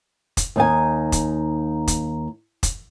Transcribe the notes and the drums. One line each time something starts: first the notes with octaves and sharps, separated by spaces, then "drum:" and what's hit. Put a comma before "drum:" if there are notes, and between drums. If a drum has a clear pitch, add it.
drum: kick, hi-hat
D#2 D#4 G#5
drum: kick, hi-hat
drum: kick, hi-hat
drum: kick, hi-hat